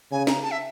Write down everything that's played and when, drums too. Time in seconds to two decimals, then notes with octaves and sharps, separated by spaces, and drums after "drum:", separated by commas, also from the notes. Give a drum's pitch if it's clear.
0.12 C#3 G#5
0.27 A#5, drum: snare
0.42 A5
0.51 E5